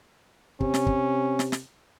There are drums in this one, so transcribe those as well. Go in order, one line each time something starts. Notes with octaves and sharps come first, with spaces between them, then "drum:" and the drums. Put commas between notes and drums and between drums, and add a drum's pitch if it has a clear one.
C3 C#4, drum: kick
drum: snare
drum: kick
drum: snare
drum: snare